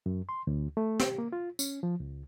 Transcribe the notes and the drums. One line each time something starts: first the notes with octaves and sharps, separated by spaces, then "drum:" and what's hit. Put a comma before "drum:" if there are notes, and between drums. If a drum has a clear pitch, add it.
F#2
C6
D2
A3
G4, drum: snare
A#3
F4
C#4, drum: tambourine
F3
C#2